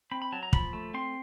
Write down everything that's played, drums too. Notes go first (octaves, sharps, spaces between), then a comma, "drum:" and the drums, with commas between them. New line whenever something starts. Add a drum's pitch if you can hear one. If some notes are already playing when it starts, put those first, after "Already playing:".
C4 B5
B5
F#3 A5
A#5
F3 B5, drum: kick
A3
C4 C6